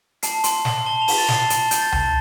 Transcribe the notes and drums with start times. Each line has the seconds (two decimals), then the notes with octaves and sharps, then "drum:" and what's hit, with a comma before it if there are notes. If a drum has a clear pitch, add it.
0.23 A5 C7, drum: hi-hat
0.44 C6, drum: hi-hat
0.65 C6, drum: snare
0.86 A5 G7
1.02 F7
1.08 A5, drum: open hi-hat
1.18 A6
1.29 A5, drum: snare
1.34 C7
1.50 A5, drum: hi-hat
1.71 G6, drum: hi-hat
1.82 A6
1.92 A5, drum: tom C#2